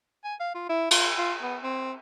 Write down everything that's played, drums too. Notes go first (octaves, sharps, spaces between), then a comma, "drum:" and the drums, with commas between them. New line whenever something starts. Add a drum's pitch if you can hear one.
G#5
F5
F4
E4
F4, drum: cymbal
F4
B3
C4